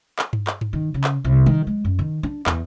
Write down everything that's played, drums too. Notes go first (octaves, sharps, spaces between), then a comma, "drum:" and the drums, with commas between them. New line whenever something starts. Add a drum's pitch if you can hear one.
drum: clap
drum: tom G2
drum: clap
drum: tom G2
D#3
C#3
drum: clap
C2
D#3, drum: tom G3
G#3
F#2
D#3
D4
E2, drum: clap